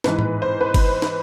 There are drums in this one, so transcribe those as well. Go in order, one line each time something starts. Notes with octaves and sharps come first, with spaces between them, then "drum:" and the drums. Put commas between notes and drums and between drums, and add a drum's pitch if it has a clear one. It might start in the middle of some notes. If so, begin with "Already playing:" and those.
G#2 E3 B4, drum: snare
drum: tom A2
C5
B4
drum: kick G1, cymbal
drum: snare